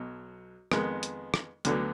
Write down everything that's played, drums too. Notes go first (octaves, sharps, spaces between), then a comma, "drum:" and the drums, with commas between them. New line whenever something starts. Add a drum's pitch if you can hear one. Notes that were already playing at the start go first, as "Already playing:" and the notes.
Already playing: B1 B2 F#3
F2 D#3 G#3 B3, drum: rim click
drum: hi-hat
drum: rim click
D2 D3 F#3 B3, drum: hi-hat